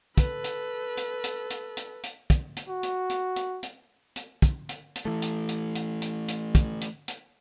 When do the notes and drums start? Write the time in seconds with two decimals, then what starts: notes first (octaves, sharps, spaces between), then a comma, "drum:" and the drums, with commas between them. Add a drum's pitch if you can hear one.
0.18 A4 B4, drum: kick, hi-hat
0.44 drum: hi-hat
0.97 drum: hi-hat
1.24 drum: hi-hat
1.50 drum: hi-hat
1.77 drum: hi-hat
2.03 drum: hi-hat
2.30 drum: kick, hi-hat
2.57 drum: hi-hat
2.69 F#4
2.83 drum: hi-hat
3.10 drum: hi-hat
3.36 drum: hi-hat
3.63 drum: hi-hat
4.16 drum: hi-hat
4.42 drum: kick, hi-hat
4.69 drum: hi-hat
4.95 drum: hi-hat
5.05 E3 A3
5.22 drum: hi-hat
5.49 drum: hi-hat
5.75 drum: hi-hat
6.02 drum: hi-hat
6.28 drum: hi-hat
6.55 drum: kick, hi-hat
6.81 drum: hi-hat
7.08 drum: hi-hat